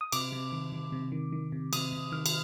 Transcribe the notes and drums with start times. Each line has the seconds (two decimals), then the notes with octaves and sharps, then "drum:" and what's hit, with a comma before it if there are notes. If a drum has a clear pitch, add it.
0.01 D#6
0.12 C3 D6, drum: cymbal
0.32 C3
0.52 D#3
0.72 D#3
0.92 C3
1.12 D#3
1.32 D#3
1.52 C3
1.73 C3 D#6, drum: cymbal
1.92 C3
2.12 D#3 F6
2.26 drum: cymbal